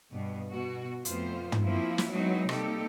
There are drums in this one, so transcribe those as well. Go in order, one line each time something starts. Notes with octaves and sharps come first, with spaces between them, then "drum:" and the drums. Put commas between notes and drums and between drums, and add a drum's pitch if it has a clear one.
G2 B2
B2 F#4
F2 A3 B3 F4 C5, drum: hi-hat
drum: tom
F3 A#3 C4 E4
drum: snare
F#3 G#3 B3 C4 D#4 E4
C3 G3 A#3 D#4 G4 A4, drum: rim click